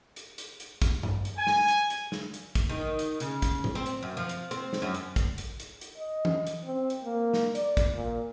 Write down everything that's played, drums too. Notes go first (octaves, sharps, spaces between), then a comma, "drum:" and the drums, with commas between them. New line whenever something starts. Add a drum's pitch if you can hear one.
drum: hi-hat
drum: hi-hat
drum: hi-hat
drum: kick, hi-hat
drum: tom G2
drum: hi-hat
G#5
drum: snare
drum: hi-hat
drum: hi-hat
drum: snare
drum: hi-hat
drum: kick, hi-hat
D#3
drum: hi-hat
C#3, drum: hi-hat
drum: kick, hi-hat
drum: tom A2
C4
drum: hi-hat
F#2
F3
drum: hi-hat
C4, drum: hi-hat
drum: snare
F#2
drum: hi-hat
drum: kick, hi-hat
drum: hi-hat
drum: hi-hat
drum: hi-hat
D#5
drum: tom E3
drum: hi-hat
C4
drum: hi-hat
A#3
drum: snare
D5, drum: hi-hat
drum: kick, hi-hat
A#2